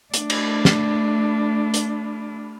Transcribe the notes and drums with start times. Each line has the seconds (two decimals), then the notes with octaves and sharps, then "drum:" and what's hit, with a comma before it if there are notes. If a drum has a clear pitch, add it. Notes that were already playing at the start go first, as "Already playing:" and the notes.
0.14 A3 D4, drum: hi-hat
0.30 drum: cymbal
0.65 drum: snare
1.74 drum: hi-hat